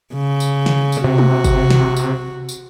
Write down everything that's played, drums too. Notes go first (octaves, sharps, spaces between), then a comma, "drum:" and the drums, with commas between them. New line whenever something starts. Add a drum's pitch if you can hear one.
C#3
drum: tambourine
drum: snare
drum: tambourine
C3 F#4
drum: tom
drum: kick, tambourine
drum: snare
drum: tambourine
drum: tambourine